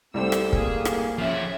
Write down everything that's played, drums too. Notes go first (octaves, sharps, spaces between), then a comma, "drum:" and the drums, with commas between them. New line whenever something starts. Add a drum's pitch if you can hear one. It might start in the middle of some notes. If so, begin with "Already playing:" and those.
C2 G3 A3 C4 C5 E6
drum: rim click
A#3 G#4, drum: kick
drum: rim click
F3 C#4 E5